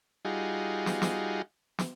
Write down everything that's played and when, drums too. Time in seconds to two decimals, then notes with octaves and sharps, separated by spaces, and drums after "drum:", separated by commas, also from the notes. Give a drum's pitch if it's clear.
0.25 G3 D#4 F4 F#4 G#4
0.86 drum: snare
1.02 drum: snare
1.79 drum: snare